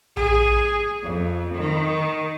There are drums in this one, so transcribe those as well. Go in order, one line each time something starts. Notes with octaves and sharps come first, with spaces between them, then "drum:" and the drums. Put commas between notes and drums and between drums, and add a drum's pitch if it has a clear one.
G#4, drum: tom A#1
F2
D#3